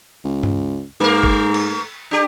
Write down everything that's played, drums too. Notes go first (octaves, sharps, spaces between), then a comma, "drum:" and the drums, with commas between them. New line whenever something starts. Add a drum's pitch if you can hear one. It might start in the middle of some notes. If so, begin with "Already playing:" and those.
C#2
drum: tom G2
G#2 A3 A#4
drum: kick G1
drum: cymbal
D4 G4